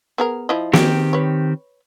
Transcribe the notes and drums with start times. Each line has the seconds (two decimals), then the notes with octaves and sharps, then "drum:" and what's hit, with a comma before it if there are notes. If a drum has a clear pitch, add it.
0.18 B3 G#4 A#4
0.49 F3 E4 D#5
0.73 D#3 C4 G4 G#4, drum: snare
1.13 B4 C#5